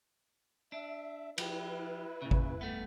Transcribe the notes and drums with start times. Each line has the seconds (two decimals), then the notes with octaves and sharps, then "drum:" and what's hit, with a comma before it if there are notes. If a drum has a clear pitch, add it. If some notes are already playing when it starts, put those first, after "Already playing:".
0.72 D4 E5
1.38 F3 E4 G4 B4, drum: cymbal
2.22 A#2 C#3
2.31 drum: kick G#1
2.61 G2 A3 B3